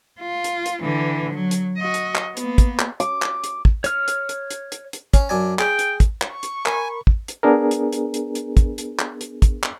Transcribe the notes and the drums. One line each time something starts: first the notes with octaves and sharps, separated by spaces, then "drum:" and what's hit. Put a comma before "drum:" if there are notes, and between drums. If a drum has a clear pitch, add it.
F4
drum: hi-hat
drum: hi-hat
D3 E3
F#3
drum: hi-hat
F#4 D#5
drum: hi-hat
drum: clap
A#3 B3, drum: hi-hat
drum: kick, hi-hat
drum: clap
D6, drum: hi-hat
drum: clap
drum: hi-hat
drum: kick
C#5 F6, drum: hi-hat
drum: hi-hat
drum: hi-hat
drum: hi-hat
drum: hi-hat
drum: hi-hat
C#4, drum: kick, hi-hat
F#2 D4 G#5
G#4 G5, drum: clap
drum: hi-hat
drum: kick, hi-hat
drum: clap
C#6
drum: hi-hat
A#4 G#5 B5, drum: clap
drum: kick
drum: hi-hat
B3 D4 G#4 A#4
drum: hi-hat
drum: hi-hat
drum: hi-hat
drum: hi-hat
drum: kick, hi-hat
drum: hi-hat
drum: clap
drum: hi-hat
drum: kick, hi-hat
drum: clap